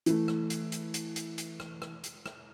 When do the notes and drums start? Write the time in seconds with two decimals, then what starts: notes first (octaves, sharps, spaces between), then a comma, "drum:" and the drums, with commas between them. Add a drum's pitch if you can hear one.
0.06 E3 A3, drum: hi-hat
0.28 drum: rim click
0.50 drum: hi-hat
0.72 drum: hi-hat
0.94 drum: hi-hat
1.16 drum: hi-hat
1.38 drum: hi-hat
1.60 drum: rim click
1.82 drum: rim click
2.04 drum: hi-hat
2.26 drum: rim click